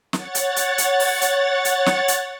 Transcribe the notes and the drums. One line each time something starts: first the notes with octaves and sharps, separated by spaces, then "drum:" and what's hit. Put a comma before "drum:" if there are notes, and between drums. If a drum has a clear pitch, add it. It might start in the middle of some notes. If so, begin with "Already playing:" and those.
C#5 F#5 A6, drum: snare
drum: hi-hat
drum: hi-hat
drum: hi-hat
drum: open hi-hat
drum: hi-hat
drum: hi-hat
drum: snare
drum: hi-hat